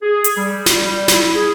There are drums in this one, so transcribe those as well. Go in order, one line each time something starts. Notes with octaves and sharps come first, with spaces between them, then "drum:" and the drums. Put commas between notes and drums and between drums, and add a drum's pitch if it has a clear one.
G#4
drum: hi-hat
G3
drum: snare
G3
E4, drum: snare
G#4